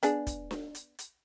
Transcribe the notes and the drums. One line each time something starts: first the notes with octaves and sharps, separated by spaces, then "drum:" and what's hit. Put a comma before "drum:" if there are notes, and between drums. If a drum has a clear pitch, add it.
B3 D4 G#4, drum: hi-hat
drum: kick, hi-hat
drum: snare D4
drum: hi-hat
drum: hi-hat